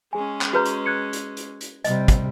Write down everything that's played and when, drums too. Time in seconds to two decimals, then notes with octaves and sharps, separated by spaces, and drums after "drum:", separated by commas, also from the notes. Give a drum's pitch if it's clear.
0.13 G#3 C#4 G#4 G#5
0.41 drum: clap
0.53 F#4 G#4 B4 A#5 G6
0.65 drum: hi-hat
0.86 F#6 G#6 C#7
1.13 drum: hi-hat
1.37 drum: hi-hat
1.61 drum: hi-hat
1.85 C3 G3 D#5, drum: hi-hat
2.08 drum: kick, hi-hat